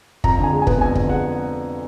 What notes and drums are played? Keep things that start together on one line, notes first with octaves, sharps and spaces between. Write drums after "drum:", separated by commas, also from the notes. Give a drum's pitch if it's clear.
F2 A#5, drum: kick
D3 G#5
G#3
G#5
B3, drum: kick
F2 G#5
D3, drum: kick
G#3 F#5